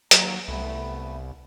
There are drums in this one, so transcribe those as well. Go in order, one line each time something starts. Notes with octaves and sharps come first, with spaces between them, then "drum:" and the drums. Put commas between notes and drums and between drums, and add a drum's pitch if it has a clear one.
D#2 F#3 A#5, drum: hi-hat
C2 A3 B3 B4